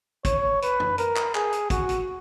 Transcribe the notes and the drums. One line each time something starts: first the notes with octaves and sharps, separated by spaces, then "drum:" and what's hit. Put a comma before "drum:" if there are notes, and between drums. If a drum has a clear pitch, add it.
C#5, drum: kick, hi-hat
B4, drum: hi-hat
drum: tom
A#4, drum: hi-hat
drum: clap
G#4, drum: clap
drum: hi-hat
F#4, drum: kick, hi-hat
drum: hi-hat